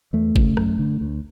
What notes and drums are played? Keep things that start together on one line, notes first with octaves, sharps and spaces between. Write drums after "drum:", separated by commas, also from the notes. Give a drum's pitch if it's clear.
E2 A3
C#3, drum: kick
F#2, drum: rim click
D3
D2